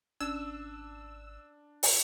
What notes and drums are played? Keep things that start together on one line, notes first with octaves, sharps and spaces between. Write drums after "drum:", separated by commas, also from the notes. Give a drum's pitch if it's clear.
G#1 C#4 D4 E6
drum: open hi-hat